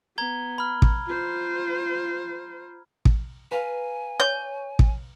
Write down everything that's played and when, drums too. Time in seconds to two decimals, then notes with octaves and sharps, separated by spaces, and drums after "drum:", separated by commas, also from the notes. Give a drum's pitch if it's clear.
0.18 B3 A#5 G#6 G7
0.58 B5 F6
0.82 drum: kick
1.07 F4 C5
3.05 drum: kick
3.51 B4 F5 G#5 A#5
4.20 C#5 G6
4.79 drum: kick